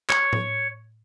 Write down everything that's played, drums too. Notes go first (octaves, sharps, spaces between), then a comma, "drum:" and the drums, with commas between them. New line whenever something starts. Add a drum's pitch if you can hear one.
C#5, drum: clap
drum: tom A2